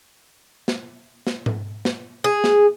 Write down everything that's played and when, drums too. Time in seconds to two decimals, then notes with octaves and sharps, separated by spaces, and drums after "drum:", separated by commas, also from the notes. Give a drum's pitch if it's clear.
0.68 drum: snare
1.27 drum: snare
1.46 drum: tom G#2
1.85 drum: snare
2.24 G#4
2.44 drum: snare